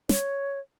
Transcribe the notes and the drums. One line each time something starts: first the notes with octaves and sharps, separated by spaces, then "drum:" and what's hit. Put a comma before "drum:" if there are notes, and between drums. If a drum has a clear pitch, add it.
C#5, drum: snare